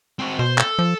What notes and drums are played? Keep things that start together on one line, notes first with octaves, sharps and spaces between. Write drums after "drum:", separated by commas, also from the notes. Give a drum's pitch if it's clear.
C4 F#4
B2 C5
A4, drum: clap
F3